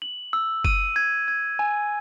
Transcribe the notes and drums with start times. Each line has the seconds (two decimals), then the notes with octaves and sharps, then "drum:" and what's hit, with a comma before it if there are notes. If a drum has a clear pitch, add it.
0.02 F#7
0.33 E6
0.65 D#7, drum: kick F#1
0.96 G#6
1.28 G#6
1.59 G#5